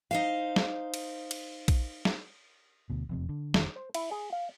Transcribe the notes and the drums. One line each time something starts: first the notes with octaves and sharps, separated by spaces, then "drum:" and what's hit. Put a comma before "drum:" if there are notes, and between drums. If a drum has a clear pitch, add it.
D#4 C5 F5
drum: snare
drum: cymbal
drum: cymbal
drum: kick A#1, cymbal
drum: snare
D2 B2
E1 F2 C3
D3
F1 D#3 E3, drum: snare
C5
E4, drum: cymbal
G#4
F5